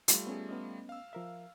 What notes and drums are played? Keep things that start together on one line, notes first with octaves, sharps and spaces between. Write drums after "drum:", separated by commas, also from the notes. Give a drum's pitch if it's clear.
G3 A3 F4, drum: hi-hat
B3 C#4 G#4
B3 C#4 D#5
F5 E6
F3 A#4 E5